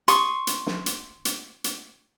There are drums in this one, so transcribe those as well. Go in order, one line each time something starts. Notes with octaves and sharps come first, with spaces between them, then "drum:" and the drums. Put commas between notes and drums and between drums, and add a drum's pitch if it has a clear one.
C6 C#6 D#6, drum: hi-hat
drum: hi-hat
drum: snare
drum: hi-hat
drum: hi-hat
drum: hi-hat